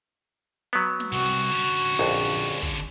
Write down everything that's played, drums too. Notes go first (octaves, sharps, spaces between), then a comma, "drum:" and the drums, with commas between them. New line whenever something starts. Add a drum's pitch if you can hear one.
F#3 B3, drum: hi-hat
drum: snare
C2 F#4
drum: hi-hat
D3 C#4
drum: hi-hat
A#1 F2
drum: kick, hi-hat